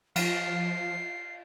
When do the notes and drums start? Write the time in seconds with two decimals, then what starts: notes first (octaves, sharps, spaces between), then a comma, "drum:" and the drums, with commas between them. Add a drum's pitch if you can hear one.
0.16 F3 F4 F5 C7, drum: cymbal